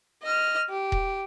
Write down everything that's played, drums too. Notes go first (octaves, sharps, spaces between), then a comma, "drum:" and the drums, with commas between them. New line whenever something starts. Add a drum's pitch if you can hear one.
D#5 F6
G4
drum: kick D#1